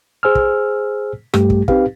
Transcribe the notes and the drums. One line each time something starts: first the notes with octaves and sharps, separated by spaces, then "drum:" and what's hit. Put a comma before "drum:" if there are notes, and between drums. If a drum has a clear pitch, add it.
G#4 C5 G#5 E6 F6
drum: kick
G2 G3 A3 G4, drum: rim click
drum: kick
C4 D#4 G4 B4 F5, drum: kick